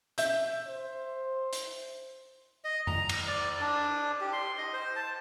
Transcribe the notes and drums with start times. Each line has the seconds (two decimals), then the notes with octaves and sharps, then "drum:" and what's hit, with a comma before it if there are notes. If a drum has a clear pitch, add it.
0.18 E5 G6, drum: hi-hat
0.67 C5
1.53 drum: hi-hat
2.64 D#5
2.87 A#5, drum: tom F2
3.09 drum: cymbal
3.28 D5
3.61 D4
4.21 G4
4.33 C6
4.58 D#5
4.73 C5
4.96 A5